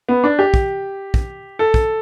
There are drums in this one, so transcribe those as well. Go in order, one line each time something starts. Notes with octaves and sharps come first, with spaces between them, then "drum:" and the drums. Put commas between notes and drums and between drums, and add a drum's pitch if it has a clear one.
B3
D4
G4
drum: kick
drum: kick
A4
drum: kick